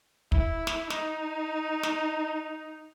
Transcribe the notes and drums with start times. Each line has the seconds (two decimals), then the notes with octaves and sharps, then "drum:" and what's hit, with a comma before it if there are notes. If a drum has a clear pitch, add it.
0.32 E4, drum: kick
0.67 drum: snare
0.90 D#4, drum: snare
1.83 drum: snare